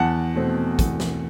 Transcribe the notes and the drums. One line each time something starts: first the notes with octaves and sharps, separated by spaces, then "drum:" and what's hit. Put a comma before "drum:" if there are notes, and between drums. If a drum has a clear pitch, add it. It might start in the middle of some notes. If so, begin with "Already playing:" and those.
Already playing: E2 F#5 A5
B2 A3 C4
E2, drum: kick, hi-hat
drum: snare